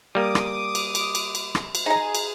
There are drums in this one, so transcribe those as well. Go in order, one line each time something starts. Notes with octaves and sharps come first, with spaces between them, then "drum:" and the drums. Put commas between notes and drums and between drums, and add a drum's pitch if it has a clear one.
G3 A#3 D6 D#6
drum: rim click
drum: cymbal
drum: cymbal
drum: cymbal
drum: cymbal
drum: rim click
drum: cymbal
D#4 G#4 A#5
drum: cymbal